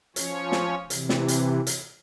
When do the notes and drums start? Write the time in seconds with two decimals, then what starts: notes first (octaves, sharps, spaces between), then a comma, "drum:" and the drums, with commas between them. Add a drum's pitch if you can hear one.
0.16 F3 C#4 C#5, drum: hi-hat
0.52 drum: snare
0.90 C3 E3, drum: hi-hat
1.09 drum: snare
1.28 drum: hi-hat
1.67 drum: hi-hat